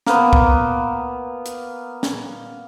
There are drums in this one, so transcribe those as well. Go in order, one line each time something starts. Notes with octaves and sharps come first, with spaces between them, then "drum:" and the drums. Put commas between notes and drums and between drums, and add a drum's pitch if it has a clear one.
A#3 B3, drum: snare
drum: kick
drum: hi-hat
drum: snare